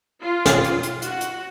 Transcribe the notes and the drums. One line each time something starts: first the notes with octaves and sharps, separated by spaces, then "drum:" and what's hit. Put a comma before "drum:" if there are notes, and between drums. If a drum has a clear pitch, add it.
F4
drum: snare
drum: hi-hat
drum: hi-hat
F#4, drum: hi-hat
drum: hi-hat